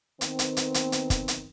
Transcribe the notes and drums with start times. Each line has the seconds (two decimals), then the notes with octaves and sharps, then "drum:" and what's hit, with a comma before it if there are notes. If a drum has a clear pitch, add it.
0.21 D#3 B3 C4, drum: hi-hat
0.39 drum: hi-hat
0.57 drum: hi-hat
0.74 drum: hi-hat
0.92 drum: hi-hat
1.10 drum: kick, hi-hat
1.28 drum: hi-hat